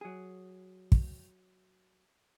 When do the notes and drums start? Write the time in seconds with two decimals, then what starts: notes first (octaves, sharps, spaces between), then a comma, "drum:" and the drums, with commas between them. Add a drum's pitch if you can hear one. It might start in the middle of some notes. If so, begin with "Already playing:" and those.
0.01 F#3 G#4
0.92 drum: kick